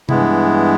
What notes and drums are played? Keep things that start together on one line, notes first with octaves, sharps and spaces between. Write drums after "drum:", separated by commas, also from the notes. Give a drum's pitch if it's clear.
G2 E3 G#3 B3 E4, drum: tom C3